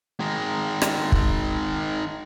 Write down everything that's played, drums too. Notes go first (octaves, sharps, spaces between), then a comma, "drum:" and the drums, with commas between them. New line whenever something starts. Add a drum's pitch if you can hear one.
D#3 G#3
drum: rim click
drum: kick